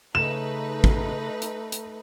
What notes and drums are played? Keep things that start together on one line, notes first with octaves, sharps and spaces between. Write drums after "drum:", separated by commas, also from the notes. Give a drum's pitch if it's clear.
C#3 A3 D#4 B4 E7
drum: kick
drum: hi-hat
drum: hi-hat